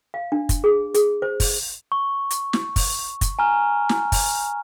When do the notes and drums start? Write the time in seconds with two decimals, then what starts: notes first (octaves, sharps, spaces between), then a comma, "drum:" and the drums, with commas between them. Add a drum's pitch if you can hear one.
0.14 F5
0.32 D4
0.49 drum: kick, hi-hat
0.64 G#4
0.94 G#4, drum: hi-hat
1.22 C5
1.40 drum: kick, open hi-hat
1.92 C#6
2.31 drum: hi-hat
2.53 drum: snare
2.76 drum: kick, open hi-hat
3.21 drum: kick, hi-hat
3.39 G#5 A#5 F6
3.89 drum: snare
4.12 drum: kick, open hi-hat